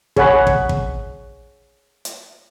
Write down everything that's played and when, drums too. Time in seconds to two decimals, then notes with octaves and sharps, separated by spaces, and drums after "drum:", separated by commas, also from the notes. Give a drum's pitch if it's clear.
0.16 G#4 C#5 F#5 B5, drum: kick
0.47 drum: kick
0.69 drum: kick
2.05 drum: hi-hat